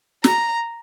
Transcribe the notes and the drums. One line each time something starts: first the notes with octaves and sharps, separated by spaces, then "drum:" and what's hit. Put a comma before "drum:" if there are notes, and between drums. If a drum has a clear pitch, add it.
A#5, drum: snare